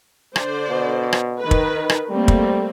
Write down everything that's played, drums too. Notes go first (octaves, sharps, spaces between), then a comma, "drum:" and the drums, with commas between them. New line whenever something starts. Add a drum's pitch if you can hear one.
D3 C5 D5, drum: rim click
B2
drum: rim click
D#3 B4
drum: kick
D#4
drum: rim click
G3 A3 A#3 C4
drum: kick